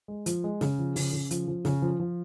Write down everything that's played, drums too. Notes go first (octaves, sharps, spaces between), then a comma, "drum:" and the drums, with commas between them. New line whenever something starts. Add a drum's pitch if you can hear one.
G#3
F3, drum: hi-hat
G#3
C#3, drum: snare
F3
C#3, drum: open hi-hat
C#3
F3, drum: hi-hat
F3
C#3, drum: snare
F3
F3